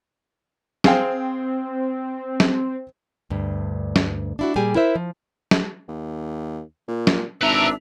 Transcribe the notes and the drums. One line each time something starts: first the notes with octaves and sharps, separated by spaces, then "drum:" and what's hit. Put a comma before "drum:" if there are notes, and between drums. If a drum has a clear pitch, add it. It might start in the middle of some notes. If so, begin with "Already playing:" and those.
C4 G#4 F5 G5, drum: snare
drum: snare
D2 G2
drum: snare
D4 E4 F#4
A#2 G3 G4 G#4 G#5
E4 A#4 C5 E5
F3
drum: snare
D#2
A#2
drum: snare
G#1 D4 B4 E5 A#5 E6